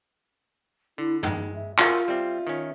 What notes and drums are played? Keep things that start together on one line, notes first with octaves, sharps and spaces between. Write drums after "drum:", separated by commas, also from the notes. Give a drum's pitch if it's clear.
D3 E4
G#3 D#4, drum: tom G2
E5
F4 F#4 A#4 E5, drum: clap
G3 C4 E5
D#3 C#4